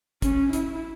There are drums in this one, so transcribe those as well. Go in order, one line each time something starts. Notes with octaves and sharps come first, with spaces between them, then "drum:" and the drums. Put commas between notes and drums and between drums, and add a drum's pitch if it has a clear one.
C#4, drum: kick, hi-hat
E4, drum: hi-hat